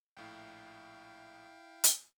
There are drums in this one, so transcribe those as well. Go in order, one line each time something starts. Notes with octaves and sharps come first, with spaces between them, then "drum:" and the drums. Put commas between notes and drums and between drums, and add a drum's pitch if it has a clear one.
A#1 A2 E4 F5 G5
drum: hi-hat